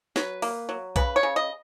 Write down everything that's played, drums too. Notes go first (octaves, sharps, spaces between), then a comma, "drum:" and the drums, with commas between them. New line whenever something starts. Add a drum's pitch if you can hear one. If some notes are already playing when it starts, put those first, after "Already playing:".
F#3 B4, drum: snare
A#3, drum: open hi-hat
F#3
C#3 B4, drum: kick B1, hi-hat
C#5
C#3
D#5